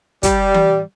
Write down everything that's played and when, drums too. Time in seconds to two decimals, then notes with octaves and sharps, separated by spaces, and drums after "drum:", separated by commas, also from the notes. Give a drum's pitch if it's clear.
0.23 G3, drum: kick, hi-hat
0.54 drum: tom E3